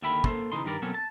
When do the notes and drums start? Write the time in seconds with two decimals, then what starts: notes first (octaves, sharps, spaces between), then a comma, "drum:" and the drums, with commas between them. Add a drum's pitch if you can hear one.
0.02 D#2 D3 A#3 E5 G5 B5
0.24 A#3 A4 C5, drum: kick
0.52 C#3 E3 D#4 C6
0.65 G2 D#3 G3 A#4 D5
0.82 B2 F#3 A#3 C4 C#4 A4
0.94 A5